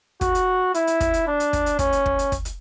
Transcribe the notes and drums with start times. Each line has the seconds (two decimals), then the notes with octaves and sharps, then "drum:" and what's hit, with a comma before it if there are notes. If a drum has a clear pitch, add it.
0.21 F#4, drum: kick, hi-hat
0.35 drum: hi-hat
0.74 E4, drum: hi-hat
0.87 drum: hi-hat
1.00 drum: kick, hi-hat
1.14 drum: hi-hat
1.27 D4
1.40 drum: hi-hat
1.53 drum: kick, hi-hat
1.66 drum: hi-hat
1.79 C#4, drum: kick, hi-hat
1.93 drum: hi-hat
2.06 drum: kick
2.19 drum: hi-hat
2.32 drum: kick, hi-hat
2.45 drum: hi-hat